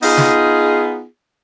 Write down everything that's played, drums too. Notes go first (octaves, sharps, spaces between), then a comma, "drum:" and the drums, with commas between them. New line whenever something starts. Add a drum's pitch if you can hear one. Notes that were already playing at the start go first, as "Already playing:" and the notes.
B3 D#4 F4 G#4, drum: open hi-hat
drum: snare